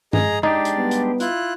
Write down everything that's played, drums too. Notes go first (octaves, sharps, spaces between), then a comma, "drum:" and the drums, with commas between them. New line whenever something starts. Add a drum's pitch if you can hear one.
G#4 D#5 A#5, drum: tom G2
G#3 D4 D#4 G4 D5
drum: hi-hat
G3 B3
drum: hi-hat
E4 F4 F#6, drum: hi-hat